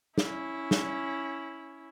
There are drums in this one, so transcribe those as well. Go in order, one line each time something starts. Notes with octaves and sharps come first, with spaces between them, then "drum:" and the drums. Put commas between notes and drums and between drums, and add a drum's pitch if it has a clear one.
C#4 E4, drum: snare
drum: snare